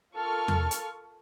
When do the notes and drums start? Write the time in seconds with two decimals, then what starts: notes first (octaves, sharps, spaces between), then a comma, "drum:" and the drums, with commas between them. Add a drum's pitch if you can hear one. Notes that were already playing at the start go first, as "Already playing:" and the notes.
0.15 F4 A4 A#4 C#6 F6
0.48 drum: tom E2
0.71 drum: hi-hat